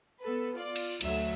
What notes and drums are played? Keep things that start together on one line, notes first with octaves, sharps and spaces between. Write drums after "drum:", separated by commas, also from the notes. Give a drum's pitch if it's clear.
B3 A4 B4
F4 D5
drum: cymbal
D2 F#3 A3 E5 E6, drum: cymbal